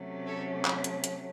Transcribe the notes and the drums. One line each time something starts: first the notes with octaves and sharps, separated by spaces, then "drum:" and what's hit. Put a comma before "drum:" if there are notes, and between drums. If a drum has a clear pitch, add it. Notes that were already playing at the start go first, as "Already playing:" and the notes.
Already playing: C3 F#3 A3 C#4
A4 C#5
drum: clap
drum: hi-hat
drum: hi-hat